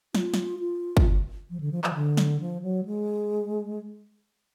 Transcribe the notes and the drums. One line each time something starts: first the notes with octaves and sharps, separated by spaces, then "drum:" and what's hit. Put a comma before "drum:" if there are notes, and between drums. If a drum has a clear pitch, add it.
F4, drum: snare
drum: snare
F4
drum: kick
F3
D3
F3
F3, drum: clap
D3
drum: snare
F3
F#3
G#3